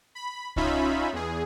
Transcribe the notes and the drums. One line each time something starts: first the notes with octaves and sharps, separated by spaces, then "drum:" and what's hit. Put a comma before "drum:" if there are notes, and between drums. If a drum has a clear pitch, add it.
B5
C#4 D#4 F4 E5 B5, drum: kick C2
E2 G#4